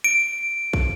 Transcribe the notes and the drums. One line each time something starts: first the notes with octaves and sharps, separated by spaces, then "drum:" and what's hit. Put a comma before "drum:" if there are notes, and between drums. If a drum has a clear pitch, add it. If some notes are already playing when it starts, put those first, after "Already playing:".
D7
drum: kick